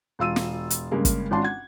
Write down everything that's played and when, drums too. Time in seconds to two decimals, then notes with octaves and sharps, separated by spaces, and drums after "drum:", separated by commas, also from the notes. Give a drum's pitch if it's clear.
0.19 E1 F4 E6 D#7
0.36 drum: snare
0.70 drum: hi-hat
0.91 G2 C#3 G#3 A#3
1.05 drum: kick, hi-hat
1.31 G#1 C#4 D4 F4 A5 C6
1.43 F#5 G#6